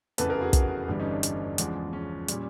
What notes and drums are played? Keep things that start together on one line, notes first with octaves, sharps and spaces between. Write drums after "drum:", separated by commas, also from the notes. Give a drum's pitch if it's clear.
F1 E2 C#3 E3 A4 B4, drum: hi-hat
G#4 A#4
F#4 G#4
drum: kick, hi-hat
G1 G2 E3 G3
C#4 D#4
D4
drum: hi-hat
E2 C#3 F3 G#3, drum: hi-hat
C#4
A#2 G3, drum: hi-hat